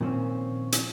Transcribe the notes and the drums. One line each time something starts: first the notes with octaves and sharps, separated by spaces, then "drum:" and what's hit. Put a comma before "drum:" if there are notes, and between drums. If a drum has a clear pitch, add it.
A#2 D#3 F3 C4 C#4
drum: hi-hat